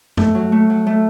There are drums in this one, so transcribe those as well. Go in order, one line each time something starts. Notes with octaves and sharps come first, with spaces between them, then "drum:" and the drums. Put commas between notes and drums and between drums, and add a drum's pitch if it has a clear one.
A3, drum: tom G2
F#3
A3
F#3
A3